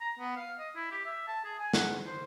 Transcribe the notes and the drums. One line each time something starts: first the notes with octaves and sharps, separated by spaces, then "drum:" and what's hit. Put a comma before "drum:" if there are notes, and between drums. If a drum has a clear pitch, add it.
A#5
B3
F5
D#5
E4
G4
E5
A5
G#4
G#5
F#5, drum: snare
C5